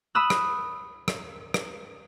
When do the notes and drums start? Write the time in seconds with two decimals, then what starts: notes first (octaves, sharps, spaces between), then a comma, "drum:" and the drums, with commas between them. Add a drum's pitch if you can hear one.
0.15 B5 D#6 E6 F#6
0.30 drum: rim click
1.08 drum: rim click
1.54 drum: rim click